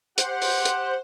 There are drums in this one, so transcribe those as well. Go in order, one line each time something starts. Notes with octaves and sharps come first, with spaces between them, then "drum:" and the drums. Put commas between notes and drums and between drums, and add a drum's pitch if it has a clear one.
G4 C5 F#5, drum: hi-hat
drum: open hi-hat
drum: hi-hat